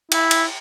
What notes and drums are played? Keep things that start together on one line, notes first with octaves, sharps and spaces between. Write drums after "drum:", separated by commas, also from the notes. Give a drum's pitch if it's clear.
E4, drum: cymbal
drum: cymbal